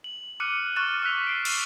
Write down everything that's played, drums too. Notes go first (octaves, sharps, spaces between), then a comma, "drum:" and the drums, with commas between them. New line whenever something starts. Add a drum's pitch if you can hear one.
F#7
D6 F6 F#6 C#7 D#7
C#6 F6 F#6 A6 E7
D6 E6 F#6 B6 F7
C7 D7
drum: cymbal